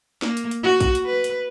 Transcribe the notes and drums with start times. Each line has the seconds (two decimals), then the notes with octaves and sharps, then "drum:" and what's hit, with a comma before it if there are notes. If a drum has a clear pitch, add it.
0.22 A#3, drum: snare
0.37 drum: hi-hat
0.51 drum: hi-hat
0.63 F#4
0.80 drum: kick, hi-hat
0.95 drum: hi-hat
1.05 B4
1.24 drum: hi-hat